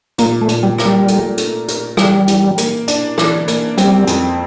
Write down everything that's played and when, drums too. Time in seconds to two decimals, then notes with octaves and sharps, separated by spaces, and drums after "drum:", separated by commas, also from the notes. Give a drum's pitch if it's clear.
0.18 A#2 A#3, drum: hi-hat
0.41 A3
0.49 A#2, drum: hi-hat
0.63 G3
0.78 A#4, drum: rim click
0.85 G3
1.08 A3, drum: hi-hat
1.38 A3, drum: hi-hat
1.68 A#4, drum: hi-hat
1.97 E3 G3, drum: rim click
2.28 E3, drum: hi-hat
2.58 A#3, drum: hi-hat
2.88 D4, drum: hi-hat
3.18 E3, drum: rim click
3.48 A#3, drum: hi-hat
3.78 G3 C4, drum: hi-hat
4.07 F2, drum: hi-hat